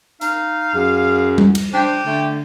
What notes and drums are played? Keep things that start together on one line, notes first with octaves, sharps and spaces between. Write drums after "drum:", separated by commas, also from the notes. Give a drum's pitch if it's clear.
D#4 F5, drum: hi-hat
F#2 G#4
drum: tom G3
drum: cymbal
D4 G4 C5 G5
D3 A3